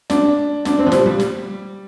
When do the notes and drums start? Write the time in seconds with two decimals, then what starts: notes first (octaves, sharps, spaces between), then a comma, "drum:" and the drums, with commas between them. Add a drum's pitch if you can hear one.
0.10 D4, drum: snare
0.65 D4, drum: snare
0.79 C4
0.87 F3
0.92 G3, drum: snare
1.06 G3
1.20 drum: snare